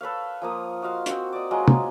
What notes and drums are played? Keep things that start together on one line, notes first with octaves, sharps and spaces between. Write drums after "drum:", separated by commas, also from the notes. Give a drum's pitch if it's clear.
A4 B4 C#5 F5
F3 A#3 D#6
F#4 D#5 F5 C6
C4 F#4, drum: hi-hat
D5 D#5
F#3 G#3 F4 A#5
drum: tom